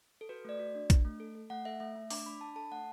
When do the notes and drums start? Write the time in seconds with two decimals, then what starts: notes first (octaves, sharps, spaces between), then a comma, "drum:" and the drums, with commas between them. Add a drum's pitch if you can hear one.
0.21 A4
0.29 F#4 B4
0.45 A3 D5
0.59 F#4
0.75 D4
0.90 D4, drum: kick, hi-hat
1.05 A3
1.20 A4
1.35 A4
1.50 A3 F#5
1.65 A4 E5
1.80 A3 E5
1.96 A3
2.10 D4 D6, drum: open hi-hat
2.26 D4 B5
2.41 D4 A5
2.56 A4 A5
2.71 A3 F#5